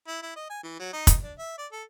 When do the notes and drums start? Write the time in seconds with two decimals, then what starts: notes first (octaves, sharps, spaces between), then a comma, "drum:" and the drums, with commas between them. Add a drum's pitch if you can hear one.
0.07 E4
0.23 E4
0.36 D#5
0.50 G#5
0.63 E3
0.80 F#3
0.93 D#4
1.07 drum: kick, hi-hat
1.24 D4
1.38 E5
1.58 D5
1.72 A4